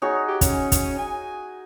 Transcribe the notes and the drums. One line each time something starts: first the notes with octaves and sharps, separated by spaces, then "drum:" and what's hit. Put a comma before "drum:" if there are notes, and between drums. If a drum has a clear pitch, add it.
D#4 F#4 G#4 C#5
G4
C#4, drum: kick, hi-hat
drum: kick, hi-hat
G#5